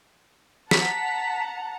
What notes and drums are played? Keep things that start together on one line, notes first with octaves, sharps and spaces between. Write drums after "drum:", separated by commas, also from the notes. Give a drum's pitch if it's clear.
F#5 A5 A#5 B6, drum: snare